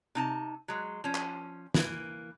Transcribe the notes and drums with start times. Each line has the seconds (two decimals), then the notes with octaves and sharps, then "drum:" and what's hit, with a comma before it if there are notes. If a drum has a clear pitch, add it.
0.15 C3 D#4 A5
0.68 F#3 G#3
1.04 F3 C#4
1.15 drum: clap
1.74 E3 A#3, drum: snare